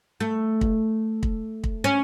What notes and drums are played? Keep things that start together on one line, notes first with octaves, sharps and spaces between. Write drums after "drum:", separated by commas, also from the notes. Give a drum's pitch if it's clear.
A3
drum: kick
drum: kick
drum: kick
C#4